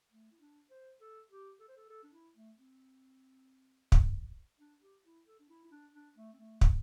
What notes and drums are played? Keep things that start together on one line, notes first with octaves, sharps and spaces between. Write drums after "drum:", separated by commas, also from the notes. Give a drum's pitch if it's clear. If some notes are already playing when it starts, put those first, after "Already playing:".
A3
E4
D4
C5
A4
G4
A4
C5
A4
A4
D4
E4
A3
C4
drum: kick
D4
G4
E4
A4
D4
E4
E4
D4
D4
A3
C4
A3
drum: kick